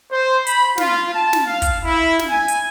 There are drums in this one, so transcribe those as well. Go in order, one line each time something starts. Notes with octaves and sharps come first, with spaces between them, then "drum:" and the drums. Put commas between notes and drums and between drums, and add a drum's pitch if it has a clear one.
C5
B5, drum: hi-hat
F4, drum: snare
A5
drum: snare
F5
drum: kick, hi-hat
E4
drum: snare
G#5
drum: hi-hat